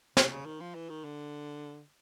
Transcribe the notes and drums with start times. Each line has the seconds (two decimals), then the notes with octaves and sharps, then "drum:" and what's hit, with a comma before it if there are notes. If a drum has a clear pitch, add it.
0.17 C3, drum: snare
0.31 C#3
0.46 D#3
0.61 F3
0.75 E3
0.90 D#3
1.04 D3